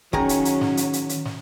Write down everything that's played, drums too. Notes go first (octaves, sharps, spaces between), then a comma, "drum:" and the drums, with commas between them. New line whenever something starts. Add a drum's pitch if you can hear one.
D#3 F#3 C#4 G#4 A#5, drum: kick
drum: hi-hat
drum: hi-hat
drum: snare
drum: hi-hat
drum: hi-hat
drum: hi-hat
drum: snare